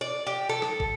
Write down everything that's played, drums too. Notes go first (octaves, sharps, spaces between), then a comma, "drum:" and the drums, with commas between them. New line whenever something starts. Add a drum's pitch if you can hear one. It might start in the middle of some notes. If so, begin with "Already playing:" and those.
D5
G4
A4
drum: rim click
drum: kick